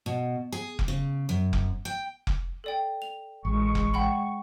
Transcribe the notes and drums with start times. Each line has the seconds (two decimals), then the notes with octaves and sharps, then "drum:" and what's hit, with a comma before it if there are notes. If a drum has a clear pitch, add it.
0.06 B2
0.52 G#4
0.79 drum: kick F1
0.88 C#3
1.29 F#2
1.53 drum: kick F1
1.85 G5
2.27 drum: kick F1
2.64 A4 D5 G5
3.02 F7
3.45 A1 G#3 C#6
3.75 drum: kick F1
3.94 F#5 G5 B5